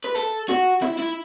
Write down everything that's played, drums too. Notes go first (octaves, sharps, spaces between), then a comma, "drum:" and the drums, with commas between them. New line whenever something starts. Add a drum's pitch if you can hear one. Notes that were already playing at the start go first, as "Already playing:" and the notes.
B4
A4, drum: hi-hat
F#4, drum: snare
E4, drum: snare
E4